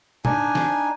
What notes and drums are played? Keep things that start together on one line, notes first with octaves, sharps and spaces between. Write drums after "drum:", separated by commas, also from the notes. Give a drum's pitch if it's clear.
D4 D#4 G#5, drum: tom
drum: snare